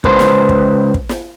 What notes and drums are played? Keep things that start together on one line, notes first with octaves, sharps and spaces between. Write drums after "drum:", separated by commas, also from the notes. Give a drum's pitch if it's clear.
C#2 B4 C5, drum: kick
drum: snare
drum: kick
drum: kick
drum: snare